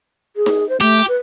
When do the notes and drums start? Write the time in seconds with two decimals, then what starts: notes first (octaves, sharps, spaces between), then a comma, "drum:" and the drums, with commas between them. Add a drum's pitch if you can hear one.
0.36 G#4
0.46 drum: snare D#4
0.69 C5
0.81 A3 G4, drum: hi-hat
0.98 drum: hi-hat
1.08 B4